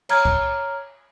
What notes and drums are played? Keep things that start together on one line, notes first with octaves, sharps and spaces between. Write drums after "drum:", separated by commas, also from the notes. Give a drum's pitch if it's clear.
C#5 A#5 F6 G#6, drum: cymbal
drum: kick C#2